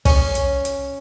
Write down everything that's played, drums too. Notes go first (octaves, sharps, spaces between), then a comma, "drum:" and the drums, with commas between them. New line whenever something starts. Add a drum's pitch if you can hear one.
C#4, drum: kick, open hi-hat
drum: hi-hat
drum: hi-hat